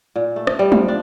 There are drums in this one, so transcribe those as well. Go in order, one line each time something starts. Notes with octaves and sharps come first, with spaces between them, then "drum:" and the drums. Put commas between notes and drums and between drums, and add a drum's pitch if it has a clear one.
A#2
A3
drum: rim click
G3
F3, drum: tom
D4